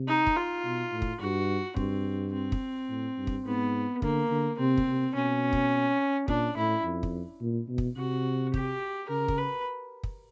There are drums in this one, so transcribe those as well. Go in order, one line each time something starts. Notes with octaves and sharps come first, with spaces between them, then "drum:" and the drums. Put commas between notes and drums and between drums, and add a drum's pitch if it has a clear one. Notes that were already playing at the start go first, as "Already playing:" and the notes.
Already playing: C3
D#4
drum: kick
F4
B2
A2
drum: kick
G2 F#4
G2 C4, drum: kick
C4
drum: kick
A2
G2
drum: kick
G#2 B3
D3 A#3, drum: kick
D3
C3 C4
drum: kick
C3
B2 C#4
drum: kick
A#2 D4, drum: kick
A2 E4
F2
drum: kick
A#2
B2
drum: kick
C3 F#4
G4, drum: kick
C#3 A#4
drum: kick
B4
drum: kick